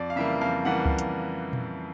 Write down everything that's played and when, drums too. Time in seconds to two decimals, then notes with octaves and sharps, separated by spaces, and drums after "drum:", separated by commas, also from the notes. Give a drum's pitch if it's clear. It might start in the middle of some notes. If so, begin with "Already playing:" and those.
Already playing: F2 D5
0.10 F5
0.16 C#3 E3 G3 A#3 E5
0.41 F2 F5
0.65 C#3 E3 G3 A#3 F#5
0.85 drum: kick C#2
0.98 drum: hi-hat
1.53 drum: tom A#2